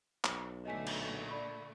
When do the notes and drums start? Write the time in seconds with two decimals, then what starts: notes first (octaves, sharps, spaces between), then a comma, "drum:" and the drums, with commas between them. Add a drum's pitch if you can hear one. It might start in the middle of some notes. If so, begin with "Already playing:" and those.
0.24 B1, drum: clap
0.65 A#2 D3 A3 D#5 G#5 B6
0.87 drum: cymbal
1.29 D5 B5 C#6